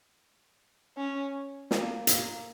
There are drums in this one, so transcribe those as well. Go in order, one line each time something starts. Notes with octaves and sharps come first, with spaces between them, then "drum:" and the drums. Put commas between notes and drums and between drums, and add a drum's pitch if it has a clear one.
C#4
A#3, drum: snare
A#3, drum: hi-hat